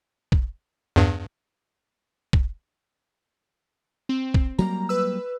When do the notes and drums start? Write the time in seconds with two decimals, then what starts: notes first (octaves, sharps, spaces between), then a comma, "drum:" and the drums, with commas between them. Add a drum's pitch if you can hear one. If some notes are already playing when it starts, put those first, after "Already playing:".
0.32 drum: kick
0.96 E2 G2
2.33 drum: kick
4.09 C4
4.34 drum: kick
4.59 F#3 G3 A#3 A#5
4.89 B4 E6